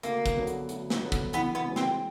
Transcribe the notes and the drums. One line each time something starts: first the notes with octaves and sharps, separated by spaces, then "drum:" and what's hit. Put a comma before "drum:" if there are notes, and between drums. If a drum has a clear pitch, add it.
D2 A#3, drum: hi-hat
drum: kick, hi-hat
D3 F#3 B3
drum: hi-hat
D2, drum: hi-hat
drum: snare
D3 F#3 B3
drum: kick, hi-hat
E3 B3, drum: hi-hat
B3
G#3 C#4 F#4 B4
C4, drum: snare